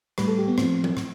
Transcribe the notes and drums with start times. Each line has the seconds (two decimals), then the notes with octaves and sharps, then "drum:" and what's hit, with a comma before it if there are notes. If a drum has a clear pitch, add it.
0.18 A2 G3 B4, drum: rim click
0.28 A4
0.38 G4
0.48 B3
0.58 A2 F3 C4, drum: rim click
0.84 drum: tom F#3
0.97 A2, drum: rim click